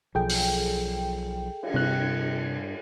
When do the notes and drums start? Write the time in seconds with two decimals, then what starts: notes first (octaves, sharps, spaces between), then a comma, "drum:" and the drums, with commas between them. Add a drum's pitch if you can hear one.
0.15 B1 F3 G#4 A4 G5
0.29 drum: open hi-hat
1.63 drum: cymbal
1.74 G2 C3 F#6